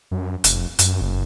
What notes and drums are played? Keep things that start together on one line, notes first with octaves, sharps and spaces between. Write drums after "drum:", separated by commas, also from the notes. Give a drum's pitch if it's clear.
F#2
F1, drum: hi-hat
F#2, drum: hi-hat
F#1